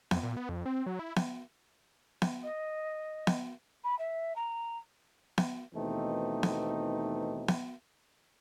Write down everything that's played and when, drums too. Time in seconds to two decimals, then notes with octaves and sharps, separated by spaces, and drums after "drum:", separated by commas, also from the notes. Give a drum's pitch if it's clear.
0.11 F2, drum: snare B3
0.23 A#2
0.37 B3
0.49 F2
0.66 C4
0.86 F#3
0.99 E4
1.16 drum: snare B3
2.22 drum: snare B3
2.43 D#5
3.27 drum: snare B3
3.84 B5
3.98 E5
4.35 A#5
5.38 drum: snare B3
5.75 D#2 B2 E3 A3 C4 D#4
6.43 drum: snare B3
7.48 drum: snare B3